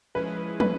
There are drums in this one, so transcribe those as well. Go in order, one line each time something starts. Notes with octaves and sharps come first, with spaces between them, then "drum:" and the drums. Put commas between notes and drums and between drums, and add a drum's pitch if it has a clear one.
F3 G#3 C#4 E4 G#4 B4
B4, drum: tom